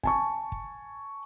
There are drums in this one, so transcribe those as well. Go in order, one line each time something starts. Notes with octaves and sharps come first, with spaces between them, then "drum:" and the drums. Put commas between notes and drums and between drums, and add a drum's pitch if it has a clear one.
G#5 A5 C#6, drum: kick
drum: kick